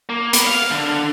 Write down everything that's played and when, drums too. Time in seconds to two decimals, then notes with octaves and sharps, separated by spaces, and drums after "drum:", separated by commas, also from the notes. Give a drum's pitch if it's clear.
0.09 A#3
0.33 B3, drum: hi-hat
0.47 F5
0.71 D3